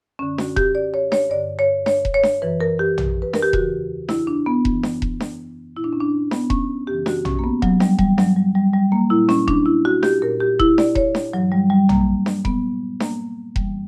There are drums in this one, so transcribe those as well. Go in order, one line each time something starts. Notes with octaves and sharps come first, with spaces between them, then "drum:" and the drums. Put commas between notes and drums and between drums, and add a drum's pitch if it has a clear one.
F#2 D3 C#4
F#4, drum: snare D4
G4, drum: kick E1
D5
C#5
C#5, drum: snare D4
G2 D3 D5
C#5
C#5, drum: snare D4
drum: kick E1
C#5
drum: snare D4
F#2 E3 B4
A#4
G4
drum: tom
B4
A#4, drum: snare D4
G4
E2 C#3 E3 F#4, drum: kick E1
E4, drum: snare D4
D4
B3
F#2 E3, drum: kick E1
drum: snare D4
drum: kick E1
drum: snare D4
A#2 E4
D4
C#4
D4
B3, drum: snare D4
C#4, drum: kick E1
F#2 C#3 E3 G4
F#4, drum: snare D4
C#4, drum: tom
A#3
B3
F#3, drum: kick E1
G3, drum: snare D4
G2 E3 G3, drum: kick E1
F#3, drum: snare D4
G3
G3
G3
A#3
A#2 E4
C#4, drum: snare D4
D4, drum: kick E1
E4
F#4
G4, drum: snare D4
A#2 A#4
G4
E4, drum: kick E1
D5, drum: snare D4
C#5, drum: kick E1
drum: snare D4
G2 E3 F#3
G3
G3
A#3, drum: tom
drum: snare D4
A#2 B3, drum: kick E1
A#3, drum: snare D4
F#2 E3 G3, drum: kick E1